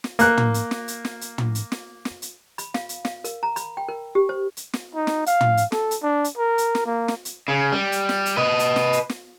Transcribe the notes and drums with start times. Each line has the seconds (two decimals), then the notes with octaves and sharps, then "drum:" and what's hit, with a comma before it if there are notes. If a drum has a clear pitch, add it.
0.04 drum: snare
0.19 A#3 F#6, drum: hi-hat
0.37 drum: tom
0.54 drum: hi-hat
0.71 drum: snare
0.88 drum: hi-hat
1.05 drum: snare
1.21 drum: hi-hat
1.38 drum: tom
1.55 drum: hi-hat
1.72 drum: snare
2.05 drum: snare
2.22 drum: hi-hat
2.58 B5, drum: hi-hat
2.74 F5, drum: snare
2.89 drum: hi-hat
3.05 F5, drum: snare
3.24 A#4, drum: hi-hat
3.43 A#5
3.56 B5, drum: hi-hat
3.77 G5
3.89 A#4
4.15 G4
4.29 C5
4.57 drum: hi-hat
4.73 drum: snare
4.95 D#4
5.07 drum: snare
5.26 F5, drum: hi-hat
5.41 drum: tom
5.57 drum: hi-hat
5.72 A4, drum: snare
5.91 drum: hi-hat
6.03 D4
6.24 drum: hi-hat
6.37 A#4
6.58 drum: hi-hat
6.75 drum: snare
6.86 A#3
7.08 drum: snare
7.25 drum: hi-hat
7.48 C#3
7.72 G3
7.92 drum: hi-hat
8.09 drum: snare
8.26 drum: hi-hat
8.37 B4 D#5
8.59 drum: hi-hat
8.76 drum: snare
8.93 drum: hi-hat
9.09 drum: snare